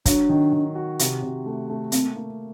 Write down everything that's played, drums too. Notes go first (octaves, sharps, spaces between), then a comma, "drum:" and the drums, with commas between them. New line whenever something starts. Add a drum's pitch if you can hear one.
F#3 D4, drum: kick, hi-hat
D#3
D#3
F#4
C3, drum: hi-hat
C3
A3
A3
A#3 C4, drum: hi-hat
A#3